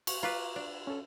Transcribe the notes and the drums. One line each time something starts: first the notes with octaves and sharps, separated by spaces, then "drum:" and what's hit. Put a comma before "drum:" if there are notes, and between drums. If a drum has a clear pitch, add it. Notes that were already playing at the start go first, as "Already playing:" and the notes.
C#6, drum: cymbal
F4 B4 A#5 C#6 D6
D4
C#4 A4